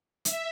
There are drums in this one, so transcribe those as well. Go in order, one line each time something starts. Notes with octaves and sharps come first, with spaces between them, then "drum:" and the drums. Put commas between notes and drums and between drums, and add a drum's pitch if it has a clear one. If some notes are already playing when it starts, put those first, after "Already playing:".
E5, drum: hi-hat